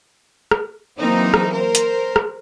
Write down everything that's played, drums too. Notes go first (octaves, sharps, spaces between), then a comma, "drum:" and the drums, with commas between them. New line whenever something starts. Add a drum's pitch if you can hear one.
drum: rim click
E3 F#3 A#3 C4 D#4
drum: rim click
A#4 C5
drum: hi-hat
drum: rim click